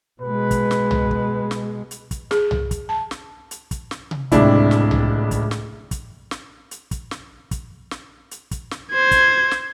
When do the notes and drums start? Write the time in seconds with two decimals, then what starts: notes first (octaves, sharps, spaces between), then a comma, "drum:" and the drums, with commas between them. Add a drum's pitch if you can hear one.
0.22 B2 G#3 B4
0.51 drum: kick, hi-hat
0.71 drum: snare
0.91 drum: tom C2
1.11 drum: kick
1.51 drum: snare
1.91 drum: hi-hat
2.11 drum: kick, hi-hat
2.31 G#4, drum: snare
2.51 drum: tom C2
2.71 drum: kick, hi-hat
2.89 A5
3.11 drum: snare
3.51 drum: hi-hat
3.71 drum: kick, hi-hat
3.91 drum: snare
4.11 drum: tom C3
4.32 D1 C#2 C3 D4 E4, drum: kick, hi-hat
4.71 drum: snare
4.91 drum: tom C2
5.31 drum: kick, hi-hat
5.51 drum: snare
5.91 drum: kick, hi-hat
6.31 drum: snare
6.71 drum: hi-hat
6.91 drum: kick, hi-hat
7.11 drum: snare
7.51 drum: kick, hi-hat
7.91 drum: snare
8.31 drum: hi-hat
8.51 drum: kick, hi-hat
8.71 drum: snare
8.91 C5 G#6
9.11 drum: kick, hi-hat
9.51 drum: snare